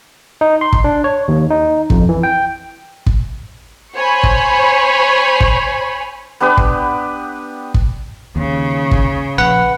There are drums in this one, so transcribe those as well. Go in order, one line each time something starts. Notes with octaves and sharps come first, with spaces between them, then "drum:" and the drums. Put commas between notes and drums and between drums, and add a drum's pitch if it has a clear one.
D#4
C6
drum: kick
D4
C#5
D#2
D#4
F2, drum: kick
E3
G5
drum: kick
C5 C#5 G#5 B5 C#6
drum: kick
drum: kick
B3 D4 G4 B4
drum: kick
drum: kick
D#2 C#3
drum: kick
A#1 B4 F#5